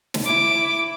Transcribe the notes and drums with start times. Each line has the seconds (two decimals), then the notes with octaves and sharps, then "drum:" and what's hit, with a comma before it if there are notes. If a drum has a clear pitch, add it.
0.14 drum: snare
0.25 E4 D6